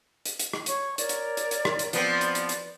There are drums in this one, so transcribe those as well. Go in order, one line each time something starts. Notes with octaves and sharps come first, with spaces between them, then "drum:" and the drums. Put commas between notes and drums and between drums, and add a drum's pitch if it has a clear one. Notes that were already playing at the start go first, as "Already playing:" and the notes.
drum: hi-hat
drum: hi-hat
drum: rim click
C#5 C#6, drum: hi-hat
A#4 C#5 D5, drum: hi-hat
drum: hi-hat
drum: hi-hat
drum: hi-hat
drum: rim click
drum: hi-hat
F3 B3 C4 B4 D5, drum: hi-hat
drum: hi-hat
drum: hi-hat
drum: hi-hat